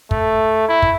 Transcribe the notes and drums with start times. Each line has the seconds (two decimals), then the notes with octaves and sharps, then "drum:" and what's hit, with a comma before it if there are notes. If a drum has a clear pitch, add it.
0.11 A3, drum: kick
0.68 E4
0.82 drum: kick